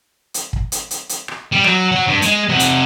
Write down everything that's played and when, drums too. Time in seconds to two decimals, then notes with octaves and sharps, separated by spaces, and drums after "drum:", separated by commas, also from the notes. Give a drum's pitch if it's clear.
0.34 drum: hi-hat
0.53 drum: kick
0.72 drum: hi-hat
0.91 drum: hi-hat
1.09 drum: hi-hat
1.28 drum: rim click
1.52 G3
1.64 F#3, drum: rim click
1.92 C#5 F#5
2.07 G2
2.22 G#3, drum: hi-hat
2.49 C3 F#5
2.60 drum: hi-hat